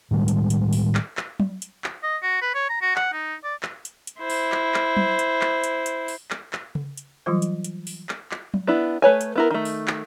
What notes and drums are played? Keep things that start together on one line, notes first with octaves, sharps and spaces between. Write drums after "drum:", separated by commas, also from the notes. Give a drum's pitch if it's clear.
A2 D#3 G3 G#3
drum: hi-hat
drum: hi-hat
drum: open hi-hat
drum: clap
drum: clap
drum: tom F#3
drum: hi-hat
drum: clap
D#5
F#4
B4
C#5
A#5
F#4
F#5, drum: clap
D#4
D5
drum: clap
drum: hi-hat
drum: hi-hat
E4 C5
drum: open hi-hat
drum: clap
drum: clap
drum: tom F#3
drum: hi-hat
drum: clap
drum: hi-hat
drum: hi-hat
drum: open hi-hat
drum: clap
drum: clap
drum: tom C#3
drum: hi-hat
E3 F#3 G3 F4 C5
drum: hi-hat
drum: hi-hat
drum: open hi-hat
drum: clap
drum: clap
drum: tom F#3
B3 D4 E4
A3 B4 C#5 G#5
drum: hi-hat
B3 E4 A#4
D#3 A3
drum: open hi-hat
drum: clap